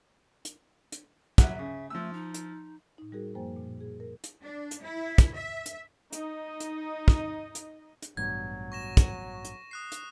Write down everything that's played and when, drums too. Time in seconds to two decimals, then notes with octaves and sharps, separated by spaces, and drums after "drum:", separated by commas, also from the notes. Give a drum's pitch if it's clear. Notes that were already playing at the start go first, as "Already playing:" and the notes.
0.45 drum: hi-hat
0.92 drum: hi-hat
1.38 A#1 F#3 F#4 E5, drum: kick, hi-hat
1.59 C#3
1.90 F3 A3 E6
2.13 D#4
2.34 drum: hi-hat
2.98 A2 D#4
3.12 G3 D#4 F#4 G#4 A#4
3.35 F#2 F3 A#3 C5 G5 G#5
3.56 A#2
3.81 G#4
4.00 A#4
4.24 drum: hi-hat
4.42 D4
4.71 drum: hi-hat
4.82 E4
5.18 drum: kick, hi-hat
5.35 E5
5.66 drum: hi-hat
6.12 D#4 D#5, drum: hi-hat
6.60 drum: hi-hat
7.08 drum: kick
7.55 drum: hi-hat
8.02 drum: hi-hat
8.17 A1 G2 B2 F#3 G#6
8.72 C#6 A#6 E7
8.97 drum: kick, hi-hat
9.44 drum: hi-hat
9.71 D#6 F#6 C7
9.92 drum: hi-hat